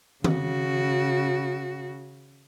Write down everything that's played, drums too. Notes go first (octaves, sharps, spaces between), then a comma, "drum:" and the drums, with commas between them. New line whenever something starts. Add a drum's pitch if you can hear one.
C#3 F#4, drum: tom D#3